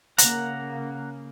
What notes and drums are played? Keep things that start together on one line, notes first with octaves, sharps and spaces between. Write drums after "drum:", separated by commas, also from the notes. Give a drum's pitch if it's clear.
C#3 A#3 F#5 A#5, drum: hi-hat